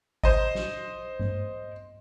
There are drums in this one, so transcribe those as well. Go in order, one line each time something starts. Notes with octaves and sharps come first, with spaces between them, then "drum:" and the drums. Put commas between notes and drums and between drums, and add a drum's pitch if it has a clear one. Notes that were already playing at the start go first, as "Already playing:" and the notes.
C5 D#5, drum: kick
drum: snare
drum: tom G2